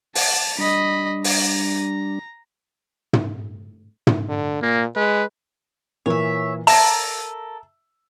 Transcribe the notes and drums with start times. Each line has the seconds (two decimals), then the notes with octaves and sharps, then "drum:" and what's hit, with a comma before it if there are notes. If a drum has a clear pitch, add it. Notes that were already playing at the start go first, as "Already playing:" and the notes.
0.15 F#5 A5, drum: open hi-hat
0.59 G3 D4 D#5 B5
1.24 A#5, drum: open hi-hat
3.13 drum: tom
4.07 drum: tom
4.29 D3
4.62 A#2 A#3
4.96 G#3 B4
6.06 A#2 E3 A#3 C#5 E5
6.67 A4 A#4 E5 A5, drum: open hi-hat